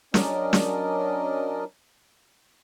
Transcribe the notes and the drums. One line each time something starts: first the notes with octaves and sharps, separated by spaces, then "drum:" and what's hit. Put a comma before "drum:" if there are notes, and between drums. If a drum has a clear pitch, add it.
F#3 C#4 D4 A#4 D5 D#5, drum: snare
drum: snare